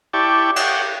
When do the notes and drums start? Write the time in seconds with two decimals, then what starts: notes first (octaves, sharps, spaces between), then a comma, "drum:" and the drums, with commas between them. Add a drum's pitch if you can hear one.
0.13 E4 G4 D5 G5 A5 C#6
0.56 G4 C#5 F#5 G5, drum: cymbal